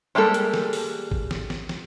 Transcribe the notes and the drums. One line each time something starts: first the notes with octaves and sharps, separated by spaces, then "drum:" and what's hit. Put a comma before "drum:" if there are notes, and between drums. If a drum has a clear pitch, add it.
G3 G#3 A#3 G4 A4
drum: hi-hat
drum: snare
drum: open hi-hat
drum: kick A1
drum: snare
drum: snare
drum: snare